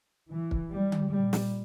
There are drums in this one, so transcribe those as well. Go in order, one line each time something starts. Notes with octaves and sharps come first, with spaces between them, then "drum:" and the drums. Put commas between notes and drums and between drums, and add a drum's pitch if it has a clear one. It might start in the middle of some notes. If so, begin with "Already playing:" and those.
E3
drum: kick
G3
drum: tom D3
A#2 G3
drum: snare